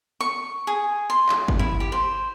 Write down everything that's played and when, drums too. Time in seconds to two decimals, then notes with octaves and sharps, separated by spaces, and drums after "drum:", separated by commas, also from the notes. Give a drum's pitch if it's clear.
0.21 C#6
0.67 G#4
1.10 C6
1.29 drum: clap
1.48 drum: kick G1
1.59 E4
1.80 G4
1.92 C5